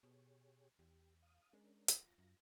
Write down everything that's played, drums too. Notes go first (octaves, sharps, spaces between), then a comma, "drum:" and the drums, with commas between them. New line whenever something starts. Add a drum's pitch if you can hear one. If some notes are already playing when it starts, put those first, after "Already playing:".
B2 G4 G#4 C#5
E2 G4
F5 D#6
G#3 C#4 D4 A#4
F4 A#6, drum: hi-hat
F#2